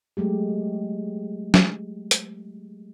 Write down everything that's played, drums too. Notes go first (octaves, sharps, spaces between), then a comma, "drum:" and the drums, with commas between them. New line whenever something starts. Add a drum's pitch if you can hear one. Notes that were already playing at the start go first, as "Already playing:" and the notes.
F#3 G#3 A3 G4
drum: snare F#3
drum: hi-hat